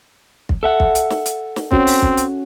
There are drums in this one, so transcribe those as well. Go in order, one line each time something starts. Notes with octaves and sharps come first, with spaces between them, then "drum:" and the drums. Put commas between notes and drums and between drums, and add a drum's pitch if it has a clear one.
drum: kick
A4 E5 F#5
drum: kick
drum: hi-hat
drum: snare
drum: hi-hat
drum: snare
C4 C#4 F#4, drum: kick
drum: open hi-hat
drum: kick
drum: hi-hat